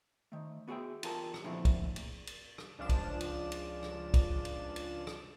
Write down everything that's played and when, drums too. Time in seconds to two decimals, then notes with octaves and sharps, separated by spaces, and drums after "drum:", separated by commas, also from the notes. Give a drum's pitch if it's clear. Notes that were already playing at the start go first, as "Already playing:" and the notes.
0.32 D#3 A3
0.68 B3 F#4 G#4 A#4 E5 G5
1.03 E2 F4 G4 A4 A#4 A5, drum: cymbal
1.34 drum: rim click
1.44 A#2 D3 F3 A3 C4 E4
1.65 drum: kick, cymbal
1.96 A#2, drum: cymbal
2.27 drum: cymbal
2.58 drum: rim click
2.79 C#2 F3 D4 E7
2.89 drum: kick, cymbal
3.21 drum: cymbal
3.52 drum: cymbal
3.83 drum: rim click
4.14 drum: kick, cymbal
4.45 drum: cymbal
4.76 drum: cymbal
5.07 drum: rim click